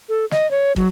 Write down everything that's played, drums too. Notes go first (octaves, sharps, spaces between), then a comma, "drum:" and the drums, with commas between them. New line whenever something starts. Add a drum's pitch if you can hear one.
A4
D#5, drum: snare
C#5
F#3, drum: kick